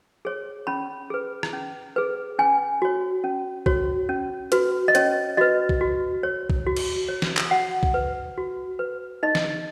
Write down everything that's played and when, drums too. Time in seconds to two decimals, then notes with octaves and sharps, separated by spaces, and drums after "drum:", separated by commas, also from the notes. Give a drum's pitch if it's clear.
0.25 G#4 C#5
0.67 C#4 B5
1.10 G#4 B4
1.43 drum: rim click
1.53 C#4
1.96 G#4 B4
2.39 C#4 G#5
2.82 F#4 C#5
3.24 C#4
3.66 F#4 C#5, drum: kick
4.09 C#4
4.52 F#4 B4, drum: hi-hat
4.88 D#5
4.95 C#4 C#5, drum: hi-hat
5.37 F#4 B4 D#5
5.69 drum: kick
5.81 F#4
6.23 C#5
6.50 drum: kick
6.67 F#4
6.77 drum: cymbal
7.09 C#5
7.22 drum: snare
7.37 drum: clap
7.51 F#4 F#5
7.83 drum: kick
7.94 B4
8.38 F#4
8.79 B4
9.23 D#4 D#5
9.35 drum: snare